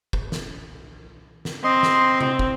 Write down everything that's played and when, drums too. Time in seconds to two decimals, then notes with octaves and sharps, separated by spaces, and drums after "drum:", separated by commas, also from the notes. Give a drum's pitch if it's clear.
0.13 drum: kick
0.32 drum: snare
1.45 drum: snare
1.64 C4 D#5 C6
1.83 drum: snare
2.21 drum: tom C3
2.39 drum: kick